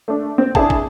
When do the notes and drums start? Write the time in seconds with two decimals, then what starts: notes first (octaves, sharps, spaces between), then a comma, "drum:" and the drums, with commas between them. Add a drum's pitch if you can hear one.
0.08 A3 D4
0.38 C4
0.55 D4 E4 G#4 A5, drum: kick
0.70 drum: kick